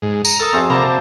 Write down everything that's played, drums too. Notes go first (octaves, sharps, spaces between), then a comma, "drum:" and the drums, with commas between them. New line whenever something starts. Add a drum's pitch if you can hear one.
G#2
A#5, drum: tambourine
A4 A#4 D#6 E6
F2 F#4 G#4 C5 E5
C3 A#3 A#4 D5 A5 B5
C3